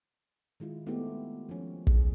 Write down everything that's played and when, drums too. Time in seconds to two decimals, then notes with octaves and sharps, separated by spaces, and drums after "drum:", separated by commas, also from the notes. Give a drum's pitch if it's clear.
0.60 D#3 G#3 E4 F4
0.87 A3 B3 C4 D#4 E4 G4
1.49 F3 C#4
1.87 G#4, drum: kick